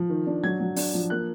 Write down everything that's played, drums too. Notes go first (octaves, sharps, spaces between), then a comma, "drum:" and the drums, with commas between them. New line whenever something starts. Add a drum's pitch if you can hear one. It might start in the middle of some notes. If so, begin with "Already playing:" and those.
Already playing: F3
D#3
D4
F#3 G#6
F#3
D4, drum: open hi-hat
F3
A#3 F#6